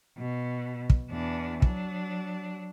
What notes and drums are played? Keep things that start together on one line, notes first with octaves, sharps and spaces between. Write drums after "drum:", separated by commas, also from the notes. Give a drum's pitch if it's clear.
B2
drum: kick
E2 D4
F#3 D4, drum: kick